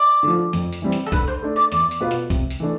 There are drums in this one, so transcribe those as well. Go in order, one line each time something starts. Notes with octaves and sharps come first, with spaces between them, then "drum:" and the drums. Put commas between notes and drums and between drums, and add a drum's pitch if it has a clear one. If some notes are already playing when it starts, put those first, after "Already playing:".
Already playing: D5
D3 F3
F2, drum: hi-hat
drum: hi-hat
E3 G3 C4
drum: hi-hat
A4
D3 B4, drum: kick B1, hi-hat
C5
A3 D4
D5
E2 D5, drum: hi-hat
drum: hi-hat
B2 B3 F4 B4
drum: hi-hat
C3, drum: kick B1, hi-hat
drum: hi-hat
E3 A3 D4